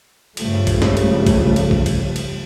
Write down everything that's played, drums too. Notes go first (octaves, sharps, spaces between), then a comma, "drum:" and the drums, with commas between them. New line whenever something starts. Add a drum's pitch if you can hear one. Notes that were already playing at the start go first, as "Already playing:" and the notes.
C#2 G2 C#3 F3 G3 A3, drum: cymbal
drum: kick A#1, cymbal
drum: snare
drum: cymbal
drum: kick A#1, cymbal
drum: cymbal
drum: kick A#1
drum: cymbal
drum: cymbal